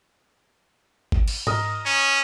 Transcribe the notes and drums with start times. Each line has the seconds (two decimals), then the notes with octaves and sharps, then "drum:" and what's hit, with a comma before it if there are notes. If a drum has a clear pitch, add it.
1.12 drum: kick G#1
1.28 drum: cymbal
1.47 A#4 D#5, drum: tom G#2
1.86 C#4